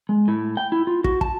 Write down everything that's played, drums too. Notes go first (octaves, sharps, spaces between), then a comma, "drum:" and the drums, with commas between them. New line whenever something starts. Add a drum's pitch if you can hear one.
G#3
A2
G5
E4
F4
F#4, drum: kick
A5, drum: kick